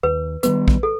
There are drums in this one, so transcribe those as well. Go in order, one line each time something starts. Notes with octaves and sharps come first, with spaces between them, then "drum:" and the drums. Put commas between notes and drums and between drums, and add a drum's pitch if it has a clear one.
D#2 B4
D#3 G3 B3 B4, drum: hi-hat
drum: kick A#1
A4